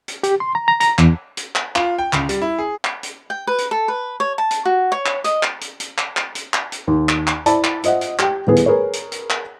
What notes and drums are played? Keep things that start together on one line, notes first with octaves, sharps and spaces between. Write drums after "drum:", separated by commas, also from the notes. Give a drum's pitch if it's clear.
drum: hi-hat
G4, drum: hi-hat
C6
A#5
A#5
A#5, drum: hi-hat
E2, drum: clap
drum: hi-hat
drum: clap
F4, drum: clap
G5
C#2, drum: clap
G3, drum: hi-hat
E4
G#4
drum: clap
drum: hi-hat
G5
B4
drum: hi-hat
A4
B4
C#5
A5
drum: hi-hat
F#4
C#5
drum: clap
D#5, drum: hi-hat
drum: clap
drum: hi-hat
drum: hi-hat
drum: clap
drum: clap
drum: hi-hat
drum: clap
drum: hi-hat
D#2
drum: clap
drum: clap
E4 C5 D5 A5 B5, drum: hi-hat
drum: clap
F4 C5 D#5 E5 F#5, drum: hi-hat
drum: hi-hat
G4 G5, drum: clap
D#1 A2 B3 G#4 B4
drum: hi-hat
G#4 A#4 B4 C#5
drum: hi-hat
drum: hi-hat
drum: clap